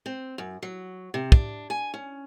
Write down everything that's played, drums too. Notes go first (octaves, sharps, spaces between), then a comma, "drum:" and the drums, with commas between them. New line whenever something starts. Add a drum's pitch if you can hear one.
C4
F#2
F#3
C3
D4, drum: kick
G#5
C#4